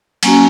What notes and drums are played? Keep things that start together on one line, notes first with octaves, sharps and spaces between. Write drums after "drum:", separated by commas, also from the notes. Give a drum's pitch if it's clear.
F#3 A#3 C#4 F#4 G#5, drum: cymbal